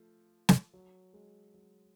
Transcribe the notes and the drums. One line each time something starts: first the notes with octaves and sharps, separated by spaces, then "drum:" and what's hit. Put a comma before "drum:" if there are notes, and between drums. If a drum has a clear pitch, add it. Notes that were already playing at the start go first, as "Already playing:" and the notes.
Already playing: F3 A3
drum: snare
F#3
G#3
F#3